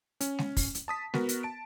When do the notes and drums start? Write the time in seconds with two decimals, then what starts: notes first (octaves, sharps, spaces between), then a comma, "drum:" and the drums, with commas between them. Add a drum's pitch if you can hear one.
0.21 C#4, drum: hi-hat
0.39 drum: snare G#3
0.57 drum: kick, open hi-hat
0.75 drum: hi-hat
0.88 A5 D#6 B6
1.14 B3 F#4 A#4, drum: snare G#3
1.29 drum: hi-hat
1.43 A5 D7